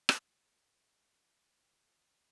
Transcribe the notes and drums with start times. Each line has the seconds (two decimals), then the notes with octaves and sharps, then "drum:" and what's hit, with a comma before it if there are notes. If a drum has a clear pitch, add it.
0.09 drum: rim click
0.25 A6 B6 C#7 D7 F7
0.46 C#6 C7 F#7
0.89 E6 A6 D7 E7 F7 G7
1.36 B6 F#7 G7
1.70 C#6 D7
2.00 E6 D7 F7